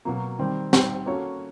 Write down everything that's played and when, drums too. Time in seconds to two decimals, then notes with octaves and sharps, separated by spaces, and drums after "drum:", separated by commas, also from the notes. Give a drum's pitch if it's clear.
0.05 B2 F#3 A#3
0.39 D#3 G3 C4
0.73 G3 C4 D#4, drum: snare
1.06 A#3 C#4 F#4 A4 C#5